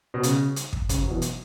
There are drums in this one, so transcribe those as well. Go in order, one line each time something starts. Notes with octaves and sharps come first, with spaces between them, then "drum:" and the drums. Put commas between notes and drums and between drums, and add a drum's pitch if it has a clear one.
B2
C#3, drum: hi-hat
drum: hi-hat
drum: kick
C#3, drum: kick, hi-hat
F#3
B2 E3
drum: hi-hat